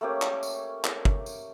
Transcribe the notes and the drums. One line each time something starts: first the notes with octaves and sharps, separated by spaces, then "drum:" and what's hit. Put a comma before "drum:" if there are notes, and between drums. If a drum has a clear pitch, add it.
A3 A#3 C#4 G4
drum: clap
drum: tambourine
drum: clap
drum: kick
drum: tambourine